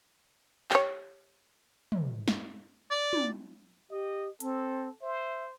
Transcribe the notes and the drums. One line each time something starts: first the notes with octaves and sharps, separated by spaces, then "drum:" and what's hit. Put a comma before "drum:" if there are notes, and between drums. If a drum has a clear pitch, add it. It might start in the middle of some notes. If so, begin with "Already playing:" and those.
G4 C#5, drum: clap
drum: tom
drum: snare
D5
drum: tom
G4 D#5
C4 A4, drum: hi-hat
C5 E5